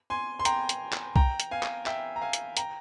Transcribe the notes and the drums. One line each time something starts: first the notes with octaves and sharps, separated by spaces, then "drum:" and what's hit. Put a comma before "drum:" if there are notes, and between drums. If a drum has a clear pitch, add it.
G#5 C6
C6
G5 A#5, drum: hi-hat
drum: hi-hat
drum: clap
G5 A#5, drum: kick C2
drum: hi-hat
F5 G#5
drum: clap
E5 G5, drum: clap
A#5
F5 G#5
drum: hi-hat
G5 A#5, drum: hi-hat